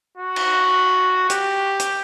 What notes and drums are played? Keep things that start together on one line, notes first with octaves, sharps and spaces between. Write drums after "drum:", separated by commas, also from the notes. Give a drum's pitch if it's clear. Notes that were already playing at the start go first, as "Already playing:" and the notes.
F#4
drum: cymbal
G4, drum: hi-hat
drum: hi-hat